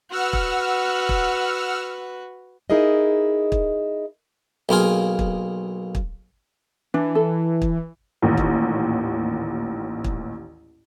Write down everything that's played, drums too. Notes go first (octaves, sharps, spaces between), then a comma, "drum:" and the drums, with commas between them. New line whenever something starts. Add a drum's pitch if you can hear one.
F#4 B4 F#5 E6 F6
drum: kick
drum: kick
D#4 E4 G#4 A#4 D#5
drum: kick
B1 A#3 F4 G#4
drum: kick
drum: kick
E3 D4
A4
drum: kick
A1 D#2 A#2 D#3
drum: kick
drum: kick